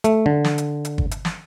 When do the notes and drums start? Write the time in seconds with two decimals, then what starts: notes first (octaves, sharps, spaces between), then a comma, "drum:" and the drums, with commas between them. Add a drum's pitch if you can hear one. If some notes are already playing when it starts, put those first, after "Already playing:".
0.04 A3, drum: hi-hat
0.26 D3
0.44 drum: snare
0.58 drum: hi-hat
0.85 drum: hi-hat
0.98 drum: kick
1.11 drum: hi-hat
1.25 drum: snare